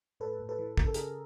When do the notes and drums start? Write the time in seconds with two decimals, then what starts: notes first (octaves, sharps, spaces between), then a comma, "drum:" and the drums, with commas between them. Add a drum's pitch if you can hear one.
0.20 A2 A4 B4
0.40 A2
0.49 A4 B4
0.59 E3
0.77 C#3 A#4, drum: kick
0.86 A4
0.94 C#3 G#4 A#4, drum: hi-hat